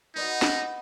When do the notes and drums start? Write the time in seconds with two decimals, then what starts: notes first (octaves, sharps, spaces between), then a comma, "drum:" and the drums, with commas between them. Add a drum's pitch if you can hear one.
0.16 D#4 B4 D#5 F#5
0.42 drum: snare